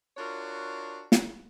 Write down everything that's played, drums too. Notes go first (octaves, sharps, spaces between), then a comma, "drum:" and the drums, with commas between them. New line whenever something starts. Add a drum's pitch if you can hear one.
D4 F4 F#4 A#4 C#5
drum: snare